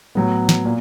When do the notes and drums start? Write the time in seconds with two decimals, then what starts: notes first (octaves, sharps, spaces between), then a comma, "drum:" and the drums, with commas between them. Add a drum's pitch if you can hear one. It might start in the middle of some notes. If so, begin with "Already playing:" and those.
0.15 A2 F#3 B3
0.49 drum: snare
0.65 A#2